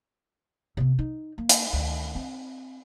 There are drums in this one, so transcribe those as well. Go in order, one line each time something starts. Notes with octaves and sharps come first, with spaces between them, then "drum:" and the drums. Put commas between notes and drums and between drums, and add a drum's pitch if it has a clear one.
C3 B3
D#4
A#3
drum: hi-hat
D2 D#3
C4